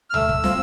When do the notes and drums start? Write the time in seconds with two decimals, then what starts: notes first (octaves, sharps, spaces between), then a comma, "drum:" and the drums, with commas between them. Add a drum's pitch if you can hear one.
0.10 F6
0.14 A3 E6, drum: tom C#2
0.29 drum: kick
0.44 C4 F4, drum: snare